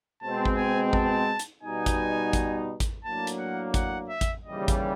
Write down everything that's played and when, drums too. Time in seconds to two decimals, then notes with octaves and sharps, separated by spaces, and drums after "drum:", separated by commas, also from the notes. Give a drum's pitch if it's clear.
0.21 B2 G#3 C4 A5
0.45 drum: kick G#1
0.57 G#5
0.93 A5, drum: kick G#1
1.39 drum: hi-hat
1.63 B2 G3 B3 D#4 G#5
1.86 drum: kick G#1, hi-hat
2.33 drum: kick G#1, hi-hat
2.80 drum: kick G#1, hi-hat
3.04 A2 F#3 A#3 D4 A5
3.27 drum: hi-hat
3.39 F#5
3.74 F#5, drum: kick G#1, hi-hat
4.09 E5
4.21 drum: kick G#1, hi-hat
4.44 D#2 C#3 E3 G3 D#5
4.68 drum: kick G#1, hi-hat